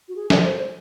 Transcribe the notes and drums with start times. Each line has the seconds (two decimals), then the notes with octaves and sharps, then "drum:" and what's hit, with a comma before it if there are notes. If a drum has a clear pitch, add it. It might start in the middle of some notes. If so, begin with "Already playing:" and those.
0.09 F#4
0.16 G#4
0.30 A4, drum: snare
0.44 C5